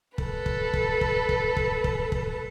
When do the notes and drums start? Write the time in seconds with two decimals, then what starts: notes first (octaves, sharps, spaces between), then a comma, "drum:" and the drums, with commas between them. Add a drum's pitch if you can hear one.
0.18 A4 B4, drum: kick
0.46 drum: kick
0.74 drum: kick
1.01 drum: kick
1.29 drum: kick
1.57 drum: kick
1.84 drum: kick
2.12 drum: kick